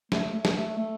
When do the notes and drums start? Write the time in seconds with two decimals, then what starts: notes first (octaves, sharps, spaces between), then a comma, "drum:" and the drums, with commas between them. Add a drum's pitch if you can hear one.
0.12 A3, drum: snare
0.34 A3
0.45 drum: snare
0.56 A3
0.78 A3